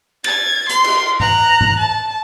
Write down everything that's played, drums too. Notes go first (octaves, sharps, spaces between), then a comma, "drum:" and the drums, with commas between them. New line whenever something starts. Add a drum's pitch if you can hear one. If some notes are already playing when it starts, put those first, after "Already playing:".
G#6 A6, drum: cymbal
C6, drum: hi-hat
drum: cymbal
A#5 F#6, drum: tom G#2
drum: tom G#2
A5